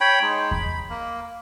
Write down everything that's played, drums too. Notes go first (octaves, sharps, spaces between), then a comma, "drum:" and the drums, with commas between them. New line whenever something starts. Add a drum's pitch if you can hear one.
C#5 G5 B5
G#3 D#4
B5, drum: kick E2
A#3